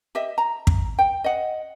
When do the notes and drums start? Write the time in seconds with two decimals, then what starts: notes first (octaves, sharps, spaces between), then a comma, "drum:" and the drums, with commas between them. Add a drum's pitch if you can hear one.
0.15 G4 D#5 E5
0.38 A#5
0.67 drum: kick
0.99 G5
1.24 D#5 F#5